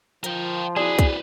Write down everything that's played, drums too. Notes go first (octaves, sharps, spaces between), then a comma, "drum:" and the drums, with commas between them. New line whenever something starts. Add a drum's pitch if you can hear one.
F3 A#4 G5, drum: hi-hat
C4 E4 F#4 G#4 B4 D5
drum: kick, hi-hat